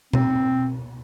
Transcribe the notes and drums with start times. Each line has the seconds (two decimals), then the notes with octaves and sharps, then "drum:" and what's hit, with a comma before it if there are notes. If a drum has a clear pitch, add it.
0.13 C4, drum: tom B2